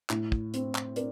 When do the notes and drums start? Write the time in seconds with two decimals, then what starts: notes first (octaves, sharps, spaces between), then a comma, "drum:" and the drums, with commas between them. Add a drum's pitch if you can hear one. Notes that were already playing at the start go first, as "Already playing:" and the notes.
0.10 A2, drum: clap
0.32 drum: kick
0.54 C4, drum: hi-hat
0.75 drum: clap
0.96 C4 A#4 D5, drum: hi-hat